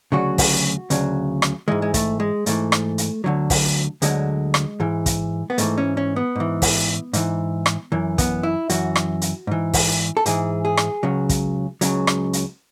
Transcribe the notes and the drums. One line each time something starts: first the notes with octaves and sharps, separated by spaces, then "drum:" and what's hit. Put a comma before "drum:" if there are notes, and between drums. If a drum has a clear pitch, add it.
D2 C#3 F#3 F#4
drum: kick, open hi-hat
D2 C#3 F#3, drum: hi-hat
drum: rim click
G#2 E3 G#3
G#3
A3, drum: kick, hi-hat
G#3
G#2 E3 A3, drum: hi-hat
drum: rim click
drum: hi-hat
D2 D3 F#3
drum: kick, open hi-hat
D2 D3 F#3 G#3, drum: hi-hat
drum: rim click
G#2 E3
drum: kick, hi-hat
B3
G#2 E3 A3, drum: hi-hat
C#4
C#4
B3
G#2 E3
drum: kick, open hi-hat
G#2 E3, drum: hi-hat
drum: rim click
F#2 E3
B3, drum: kick, hi-hat
E4
F#2 E3 F#4, drum: hi-hat
drum: rim click
drum: hi-hat
G#2 E3
drum: kick, open hi-hat
A4
G#2 E3 G#4, drum: hi-hat
G#4
drum: rim click
C#2 C#3 F#3
drum: kick, hi-hat
C#2 C#3 F#3, drum: hi-hat
drum: rim click
drum: hi-hat